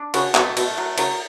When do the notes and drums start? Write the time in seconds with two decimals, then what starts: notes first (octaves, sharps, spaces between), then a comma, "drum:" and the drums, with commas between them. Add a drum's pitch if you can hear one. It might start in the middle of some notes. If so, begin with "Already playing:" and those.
Already playing: D4
0.14 C#3 F#4, drum: cymbal
0.35 B2 A3, drum: clap
0.57 B2 A3, drum: cymbal
0.78 F#3
0.98 C#3 F#3, drum: cymbal